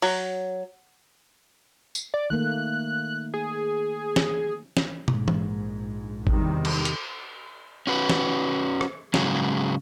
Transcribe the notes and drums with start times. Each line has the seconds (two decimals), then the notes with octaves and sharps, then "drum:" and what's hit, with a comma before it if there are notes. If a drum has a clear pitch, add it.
0.02 F#3, drum: open hi-hat
1.95 drum: tambourine
2.14 D5
2.30 D#3 A3 A#3 F#6
3.34 G#4
4.16 drum: snare
4.77 drum: snare
5.08 A#1 G#2, drum: tom
5.28 drum: tom E3
6.27 E2 C3 D#3 G3, drum: kick G#1
6.65 drum: cymbal
6.85 drum: hi-hat
7.87 C#4 F#4 B4
8.09 drum: snare
8.81 drum: rim click
9.14 G#2 C#3 F#3 G#3, drum: snare